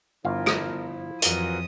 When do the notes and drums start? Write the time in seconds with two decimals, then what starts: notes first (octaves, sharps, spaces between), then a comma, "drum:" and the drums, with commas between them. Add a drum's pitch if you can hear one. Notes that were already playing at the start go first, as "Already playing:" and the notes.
0.25 G1 F3 E4 F4 A#4 F5
0.46 drum: rim click
1.22 F2 G#2 E3 F#3 F4 F#4 A#4 D#6, drum: hi-hat